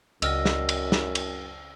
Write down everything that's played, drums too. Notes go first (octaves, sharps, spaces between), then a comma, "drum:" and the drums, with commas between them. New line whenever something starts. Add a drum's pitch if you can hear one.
C#2 F#2 F#4 D5 D#5 E6 F6 A#6, drum: cymbal
drum: snare
drum: cymbal
drum: snare
drum: cymbal